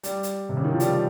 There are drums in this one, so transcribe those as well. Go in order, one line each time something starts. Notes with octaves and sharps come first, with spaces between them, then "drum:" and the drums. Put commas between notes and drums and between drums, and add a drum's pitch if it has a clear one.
G3, drum: hi-hat
drum: hi-hat
C3
C#3
D#3
F3
G3, drum: hi-hat